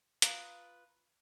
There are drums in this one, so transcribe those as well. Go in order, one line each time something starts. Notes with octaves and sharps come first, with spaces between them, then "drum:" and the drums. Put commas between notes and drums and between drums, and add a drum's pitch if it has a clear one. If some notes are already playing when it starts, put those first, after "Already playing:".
F4 B4 A#5 D#6, drum: hi-hat